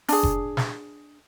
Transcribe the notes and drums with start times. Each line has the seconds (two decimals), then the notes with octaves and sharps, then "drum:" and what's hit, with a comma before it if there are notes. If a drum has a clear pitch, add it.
0.09 D4 G#4, drum: open hi-hat
0.23 drum: kick F1
0.57 drum: snare